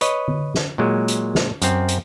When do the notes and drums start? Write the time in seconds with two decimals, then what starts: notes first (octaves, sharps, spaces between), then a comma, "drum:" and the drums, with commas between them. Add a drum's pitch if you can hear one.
0.01 B4 C#5 D#5, drum: hi-hat
0.28 drum: tom D3
0.55 drum: snare
0.78 A#2 F#3 G#3
1.08 drum: hi-hat
1.35 drum: snare
1.62 F#2 C4, drum: hi-hat
1.88 drum: hi-hat